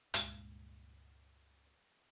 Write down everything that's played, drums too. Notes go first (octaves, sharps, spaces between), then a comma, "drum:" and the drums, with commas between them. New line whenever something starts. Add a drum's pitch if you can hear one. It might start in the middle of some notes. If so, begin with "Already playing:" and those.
C#2 G2 A#2 G#3, drum: hi-hat